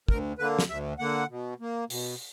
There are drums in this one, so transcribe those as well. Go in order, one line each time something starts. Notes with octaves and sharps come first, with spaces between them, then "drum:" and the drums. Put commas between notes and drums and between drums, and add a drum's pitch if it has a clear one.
D2 A#4, drum: kick
D3 A#3 B4
drum: snare
D2 E5
D3 A#3 F#5
B2
A#3
B2, drum: open hi-hat